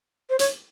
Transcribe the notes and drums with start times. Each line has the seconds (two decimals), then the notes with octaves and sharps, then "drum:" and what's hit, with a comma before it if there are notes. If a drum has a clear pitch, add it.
0.30 C5
0.39 C#5, drum: hi-hat